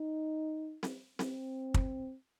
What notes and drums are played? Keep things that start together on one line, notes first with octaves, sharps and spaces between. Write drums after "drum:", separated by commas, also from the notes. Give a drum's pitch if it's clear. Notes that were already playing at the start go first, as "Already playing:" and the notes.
Already playing: D#4
drum: snare C4
C4, drum: snare C4
drum: kick